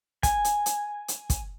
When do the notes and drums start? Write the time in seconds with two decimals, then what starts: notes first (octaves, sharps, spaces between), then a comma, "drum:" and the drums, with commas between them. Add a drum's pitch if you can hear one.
0.23 G#5, drum: kick, hi-hat
0.45 drum: hi-hat
0.66 drum: hi-hat
1.08 drum: hi-hat
1.30 drum: kick, hi-hat